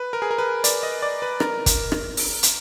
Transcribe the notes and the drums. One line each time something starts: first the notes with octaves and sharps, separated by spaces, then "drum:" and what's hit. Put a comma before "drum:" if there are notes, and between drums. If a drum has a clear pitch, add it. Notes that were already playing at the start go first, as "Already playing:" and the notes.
Already playing: B4
A#4
G#4
A#4
B4
D5, drum: hi-hat
D#5
D5
B4
A#4, drum: rim click
drum: kick, hi-hat
drum: rim click
drum: open hi-hat
drum: hi-hat